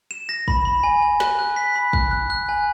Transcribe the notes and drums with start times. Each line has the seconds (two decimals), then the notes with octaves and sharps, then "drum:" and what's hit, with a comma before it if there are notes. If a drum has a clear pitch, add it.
0.11 E7
0.29 A#6
0.48 B5, drum: kick
0.65 B5
0.84 G#5
1.02 G#5
1.20 F#6, drum: snare
1.39 F#6
1.56 B6
1.76 B5
1.93 F#6, drum: kick
2.11 F#6
2.30 F#6
2.49 G#5